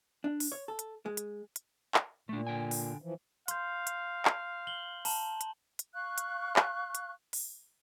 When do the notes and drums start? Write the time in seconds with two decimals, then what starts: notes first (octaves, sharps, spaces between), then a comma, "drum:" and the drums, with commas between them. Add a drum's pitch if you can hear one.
0.24 D4
0.40 drum: open hi-hat
0.52 C#5
0.68 A4
0.79 drum: hi-hat
1.06 G#3
1.17 drum: hi-hat
1.56 drum: hi-hat
1.94 drum: clap
2.29 A#2 A3 D4
2.47 D3 G5 G#5
2.71 drum: open hi-hat
3.02 E3 F3
3.48 F5 C6 G6, drum: hi-hat
3.87 drum: hi-hat
4.25 drum: clap
4.67 F#7 G7
5.05 A5 A#5 F#7, drum: open hi-hat
5.41 drum: hi-hat
5.79 drum: hi-hat
5.94 F5 C#6 F6 F#6
6.18 drum: hi-hat
6.56 drum: clap
6.95 drum: hi-hat
7.33 drum: open hi-hat